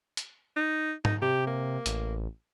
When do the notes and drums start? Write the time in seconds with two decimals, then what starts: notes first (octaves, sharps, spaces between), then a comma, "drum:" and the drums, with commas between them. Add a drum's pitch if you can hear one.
0.17 drum: hi-hat
0.57 D#4
1.05 D#4, drum: tom G#2
1.22 C3 G4
1.47 A#3
1.86 A1, drum: hi-hat